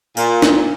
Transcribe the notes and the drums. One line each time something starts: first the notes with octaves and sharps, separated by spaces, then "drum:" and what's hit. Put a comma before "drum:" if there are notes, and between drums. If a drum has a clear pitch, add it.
A#2, drum: tambourine
drum: snare D4